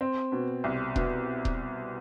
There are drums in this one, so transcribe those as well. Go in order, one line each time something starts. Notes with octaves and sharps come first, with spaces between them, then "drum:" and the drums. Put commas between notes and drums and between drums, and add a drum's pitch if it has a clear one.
C4
B2
C2
B2, drum: kick D#1
drum: kick D#1